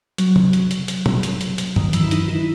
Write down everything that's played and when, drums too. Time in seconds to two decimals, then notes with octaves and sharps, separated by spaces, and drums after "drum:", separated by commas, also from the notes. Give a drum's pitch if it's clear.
0.18 F#3, drum: hi-hat
0.36 drum: tom
0.53 drum: hi-hat
0.71 drum: hi-hat
0.88 drum: hi-hat
1.06 drum: tom
1.23 drum: hi-hat
1.41 drum: hi-hat
1.58 drum: hi-hat
1.76 D#3, drum: tom
1.93 E3, drum: hi-hat
2.03 E4
2.11 D#4, drum: hi-hat
2.28 E4